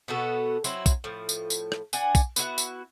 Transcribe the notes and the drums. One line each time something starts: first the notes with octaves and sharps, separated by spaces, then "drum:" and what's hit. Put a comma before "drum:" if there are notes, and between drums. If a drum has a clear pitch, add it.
B2 B3 F#4 A4
F#3 C4 E4, drum: tambourine
drum: kick, tambourine
A2 F3
drum: tambourine
drum: tambourine
drum: rim click
D4 F#5 G#5, drum: tambourine
drum: kick, tambourine
B3 E4 F#4, drum: tambourine
drum: tambourine